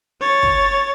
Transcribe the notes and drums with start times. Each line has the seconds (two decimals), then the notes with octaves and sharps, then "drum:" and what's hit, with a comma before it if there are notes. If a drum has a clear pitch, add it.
0.21 C#5 A6
0.43 drum: kick